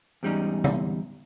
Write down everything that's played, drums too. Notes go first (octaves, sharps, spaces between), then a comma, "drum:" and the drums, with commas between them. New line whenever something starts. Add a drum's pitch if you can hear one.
E2 G#2 G3 C#4 D#4
drum: tom